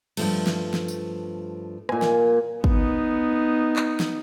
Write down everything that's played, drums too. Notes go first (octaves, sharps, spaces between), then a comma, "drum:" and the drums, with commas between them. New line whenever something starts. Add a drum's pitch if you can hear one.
G2 F3 A3, drum: cymbal
drum: snare
drum: snare
drum: tambourine
A#2 G#5, drum: rim click
drum: snare
B3 D#4, drum: kick
drum: clap
drum: snare